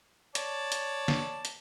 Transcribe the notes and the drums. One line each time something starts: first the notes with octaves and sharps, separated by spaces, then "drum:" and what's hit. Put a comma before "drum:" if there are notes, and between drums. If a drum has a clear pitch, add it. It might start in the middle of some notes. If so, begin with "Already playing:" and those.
C#5 D5 A5, drum: hi-hat
drum: hi-hat
drum: snare
drum: hi-hat